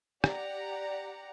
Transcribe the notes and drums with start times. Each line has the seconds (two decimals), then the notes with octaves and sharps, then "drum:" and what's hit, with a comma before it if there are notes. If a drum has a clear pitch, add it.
0.24 G4 D5 F#5 A#5, drum: rim click